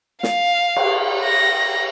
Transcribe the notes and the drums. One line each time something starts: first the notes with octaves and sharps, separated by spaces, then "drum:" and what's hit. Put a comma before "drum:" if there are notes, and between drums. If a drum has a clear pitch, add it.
F5, drum: snare
drum: cymbal
A#6